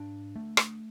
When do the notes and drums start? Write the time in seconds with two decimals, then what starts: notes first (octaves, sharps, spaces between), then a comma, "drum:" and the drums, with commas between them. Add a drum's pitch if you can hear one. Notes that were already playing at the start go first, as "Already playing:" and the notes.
Already playing: G#2 D4
0.36 A3
0.57 drum: rim click